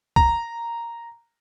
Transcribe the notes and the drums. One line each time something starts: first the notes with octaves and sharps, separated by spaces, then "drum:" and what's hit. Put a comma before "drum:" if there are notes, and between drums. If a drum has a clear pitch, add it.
A#5, drum: kick C2